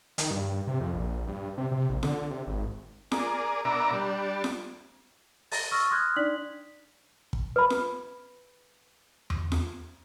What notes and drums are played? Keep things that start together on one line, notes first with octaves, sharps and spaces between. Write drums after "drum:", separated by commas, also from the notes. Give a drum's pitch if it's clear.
D#3, drum: hi-hat
G2
C3
F2
A#1
G2
C3
C3
A#1
D3, drum: snare F4
C3
G#1
G#4 A#4 D5, drum: snare F4
B2 D4 A#4 E5 A#5 D6
G3 D4
drum: snare F4
A6 A#6, drum: open hi-hat
C#6 E6 F6 A6 A#6
C6 D#6 F6 F#6 G#6
D4 D#4 D5 B6 F#7
drum: kick
B4 B5
drum: snare F4
drum: tom E2
drum: snare F4